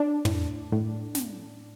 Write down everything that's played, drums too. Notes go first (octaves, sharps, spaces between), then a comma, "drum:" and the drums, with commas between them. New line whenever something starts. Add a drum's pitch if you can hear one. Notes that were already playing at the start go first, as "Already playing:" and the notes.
Already playing: D4
A2, drum: tom
A2
drum: snare